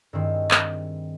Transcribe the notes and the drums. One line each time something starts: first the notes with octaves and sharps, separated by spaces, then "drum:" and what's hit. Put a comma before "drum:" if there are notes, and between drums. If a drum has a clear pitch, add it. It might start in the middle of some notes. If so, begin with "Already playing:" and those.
G2 D#3 G#3 C4 E4
drum: clap